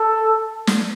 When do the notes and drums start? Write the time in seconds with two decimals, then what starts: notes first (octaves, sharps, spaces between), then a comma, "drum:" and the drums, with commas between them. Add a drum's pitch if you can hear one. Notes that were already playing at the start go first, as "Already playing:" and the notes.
Already playing: A4
0.67 drum: snare